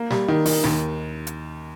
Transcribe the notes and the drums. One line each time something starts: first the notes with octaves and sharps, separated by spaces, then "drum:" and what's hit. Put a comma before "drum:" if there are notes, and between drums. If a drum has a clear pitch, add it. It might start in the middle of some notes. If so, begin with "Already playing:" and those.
Already playing: A#3
G3, drum: snare
D#3
D#3, drum: open hi-hat
D#2, drum: snare
drum: hi-hat